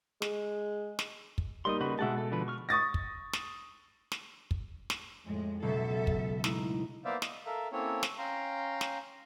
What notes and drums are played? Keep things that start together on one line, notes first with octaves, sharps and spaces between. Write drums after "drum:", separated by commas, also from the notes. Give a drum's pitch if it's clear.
G#3, drum: snare
drum: snare
drum: kick
G3 A#3 D#4 C6 D#6
C#3 F#4 B4
B2 G#3 E5 F#5 A5
A4
D3 F3 B4
C#6 F6
C#6 D#6 A6 A#6
drum: kick
drum: snare
drum: snare
drum: kick
drum: snare
F2 A2 G#3
C#2 B2 F#3 A4 E5
drum: kick
G#2 A3 D#4 E4, drum: snare
A#3 B3 C5 D5 E5 F5
D#5, drum: snare
A4 A#4 E5 F5
A#3 C4 C#4 E4 A4 C#5
drum: snare
C#4 F5 G5 A#5 C6
drum: snare